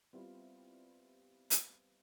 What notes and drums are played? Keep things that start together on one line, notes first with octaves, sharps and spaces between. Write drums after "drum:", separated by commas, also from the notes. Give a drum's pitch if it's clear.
G3 B3 C4 E4 F4
drum: hi-hat